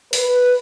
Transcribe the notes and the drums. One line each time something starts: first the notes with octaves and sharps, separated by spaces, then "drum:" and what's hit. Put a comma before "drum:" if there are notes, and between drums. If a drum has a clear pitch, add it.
B4, drum: open hi-hat